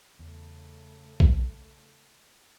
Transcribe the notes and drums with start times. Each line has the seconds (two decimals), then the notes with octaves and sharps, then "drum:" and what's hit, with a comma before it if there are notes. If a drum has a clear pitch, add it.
0.19 E2 C#3 A3
1.20 drum: kick B1